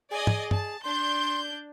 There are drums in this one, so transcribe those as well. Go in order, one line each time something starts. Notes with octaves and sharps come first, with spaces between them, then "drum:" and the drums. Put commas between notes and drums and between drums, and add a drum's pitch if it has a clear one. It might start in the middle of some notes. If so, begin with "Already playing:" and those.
G#4 D5 D#5 G#5
drum: tom
A5, drum: tom
D4 C6 G6